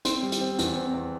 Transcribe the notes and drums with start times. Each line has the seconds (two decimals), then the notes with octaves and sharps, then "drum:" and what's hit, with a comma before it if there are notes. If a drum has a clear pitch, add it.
0.05 C4 C6, drum: hi-hat
0.23 G3
0.32 drum: hi-hat
0.41 C4
0.59 E2, drum: hi-hat
0.76 C4
0.94 E2